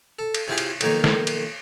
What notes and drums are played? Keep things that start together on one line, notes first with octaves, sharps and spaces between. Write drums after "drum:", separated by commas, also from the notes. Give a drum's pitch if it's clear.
A4
drum: cymbal
C3 E4 F4 G4 G#4
drum: cymbal
B1 F2 D#3 A#3 D#4 C#5, drum: cymbal
drum: snare
drum: cymbal